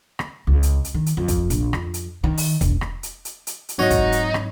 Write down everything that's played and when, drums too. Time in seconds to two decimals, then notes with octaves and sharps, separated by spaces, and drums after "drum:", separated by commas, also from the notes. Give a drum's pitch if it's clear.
0.19 drum: rim click
0.47 C#2
0.63 drum: hi-hat
0.85 drum: hi-hat
0.94 D#3
1.06 drum: hi-hat
1.17 F2
1.28 drum: kick, hi-hat
1.50 A#1, drum: hi-hat
1.73 F2, drum: rim click
1.94 drum: hi-hat
2.24 D#3
2.38 drum: open hi-hat
2.61 E1, drum: kick, hi-hat
2.81 drum: rim click
3.03 drum: hi-hat
3.25 drum: hi-hat
3.47 drum: hi-hat
3.69 drum: hi-hat
3.79 G#2 F#3 C4 D#4 F#4 C#5 D#5
3.90 drum: kick, hi-hat
4.12 drum: hi-hat
4.34 drum: rim click